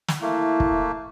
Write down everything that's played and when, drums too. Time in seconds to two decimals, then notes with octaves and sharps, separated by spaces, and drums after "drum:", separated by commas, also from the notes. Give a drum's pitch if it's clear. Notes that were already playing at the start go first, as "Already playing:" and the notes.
0.08 drum: snare
0.22 A3 A#3 E4
0.60 drum: kick